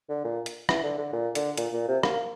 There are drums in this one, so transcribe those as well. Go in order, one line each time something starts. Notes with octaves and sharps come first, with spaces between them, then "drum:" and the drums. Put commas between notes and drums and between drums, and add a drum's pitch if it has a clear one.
D3
A#2
drum: hi-hat
E3, drum: rim click
D3
D3
A#2
D3, drum: hi-hat
A#2, drum: hi-hat
A#2
C3
A#3, drum: rim click